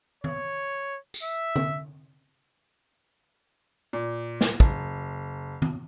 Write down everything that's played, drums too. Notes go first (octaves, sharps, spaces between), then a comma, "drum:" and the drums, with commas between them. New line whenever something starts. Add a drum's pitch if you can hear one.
C#5, drum: tom
drum: tambourine
E5
drum: tom
A#2
drum: snare
F#1, drum: kick
drum: tom